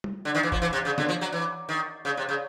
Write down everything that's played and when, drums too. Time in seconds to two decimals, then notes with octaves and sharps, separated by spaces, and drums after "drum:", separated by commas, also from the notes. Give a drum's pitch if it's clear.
0.04 drum: tom G3
0.25 D3
0.35 D#3
0.43 E3
0.52 F3, drum: kick
0.62 E3
0.73 C3
0.85 C#3
0.98 D3, drum: snare
1.09 F3
1.21 F#3
1.32 E3
1.69 D#3
2.05 C#3
2.17 C3
2.29 C#3